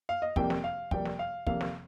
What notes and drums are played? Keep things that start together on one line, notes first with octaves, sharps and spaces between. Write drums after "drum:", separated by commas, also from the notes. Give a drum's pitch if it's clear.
F5
D#5
F2 C3 G3 A#3 G5, drum: kick
drum: snare
F5
F2 C3 G3 A#3 G5, drum: kick
drum: snare
F5
F2 C3 G3 A#3 F5, drum: kick
drum: snare